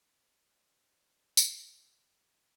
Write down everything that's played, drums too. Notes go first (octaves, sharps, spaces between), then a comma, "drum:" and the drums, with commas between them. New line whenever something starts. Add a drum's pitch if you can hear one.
G2 D#3 D4 C5
drum: tambourine